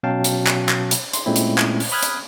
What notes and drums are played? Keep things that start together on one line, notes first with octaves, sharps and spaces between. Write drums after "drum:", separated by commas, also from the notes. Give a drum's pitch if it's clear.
B2 F#3 C#4 F5 G5 A5
drum: hi-hat
drum: clap
drum: clap
drum: hi-hat
C6, drum: hi-hat
A#2 G#3 A3 C4 C#4 E4
drum: hi-hat
drum: clap
drum: open hi-hat
B5 D#6 F6 F#6 G#6
drum: hi-hat